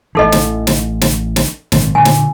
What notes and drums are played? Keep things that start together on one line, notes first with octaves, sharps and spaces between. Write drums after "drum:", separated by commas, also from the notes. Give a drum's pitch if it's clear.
A1 E3 D#4 A4 D#5
drum: snare
drum: snare
drum: snare
drum: snare
G#1 A#2, drum: snare
A#2 D3 G#5
drum: snare